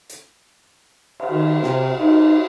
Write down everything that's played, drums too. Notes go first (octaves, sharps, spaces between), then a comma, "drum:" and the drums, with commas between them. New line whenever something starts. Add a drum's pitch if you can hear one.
drum: hi-hat
drum: cymbal
D#3
C3, drum: snare
D#4, drum: cymbal